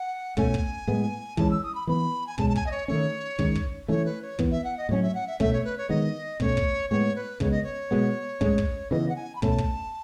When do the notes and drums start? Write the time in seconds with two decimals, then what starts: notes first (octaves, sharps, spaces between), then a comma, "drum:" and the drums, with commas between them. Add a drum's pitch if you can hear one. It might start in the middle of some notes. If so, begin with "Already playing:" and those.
Already playing: F#5
0.37 B2 A3 C#4 G#5, drum: kick
0.54 drum: kick
0.87 A2 G#3 B3
1.37 E3 G#3 C#4 A5, drum: kick
1.51 E6
1.63 D#6
1.75 B5
1.87 E3 B3 B5
2.27 G#5
2.38 B2 G#3 C#4 A5, drum: kick
2.50 A5
2.56 G#5, drum: kick
2.66 D#5
2.71 C#5
2.88 D#3 A3 C#4 C#5
3.39 D#3 G#3 C#4, drum: kick
3.55 drum: kick
3.88 E3 A3 C#4 C#5
4.05 B4
4.22 C#5
4.39 E3 B3, drum: kick
4.51 E5
4.64 F#5
4.77 D#5
4.89 A2 F#3 C#4 C#5
5.02 E5
5.14 F#5
5.27 E5
5.40 B2 A3 C#4 E5, drum: kick
5.53 C#5
5.64 B4
5.78 C#5
5.89 D#3 G#3 B3 D#5
6.40 B2 A3 C#4 C#5, drum: kick
6.57 drum: kick
6.90 A2 G#3 B3 C#5
7.16 B4
7.40 C#3 G#3 B3 C#5, drum: kick
7.51 D#5
7.63 C#5
7.91 B2 G#3 B3
8.41 A2 G#3 C#4, drum: kick
8.58 drum: kick
8.91 C#3 E3 B3 D#5
9.09 F#5
9.16 G#5
9.35 B5
9.42 B2 A3 C#4 A5, drum: kick
9.58 drum: kick